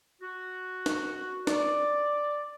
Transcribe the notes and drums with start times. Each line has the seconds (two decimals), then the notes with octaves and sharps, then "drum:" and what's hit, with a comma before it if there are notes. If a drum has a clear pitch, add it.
0.22 F#4
0.86 drum: snare
1.47 D5, drum: snare